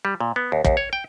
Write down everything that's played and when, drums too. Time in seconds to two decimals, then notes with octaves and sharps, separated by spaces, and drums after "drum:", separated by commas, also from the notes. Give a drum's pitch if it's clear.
0.05 G3
0.20 A#2
0.36 B3
0.52 D#2
0.65 D#2, drum: kick
0.77 C#5
0.93 G5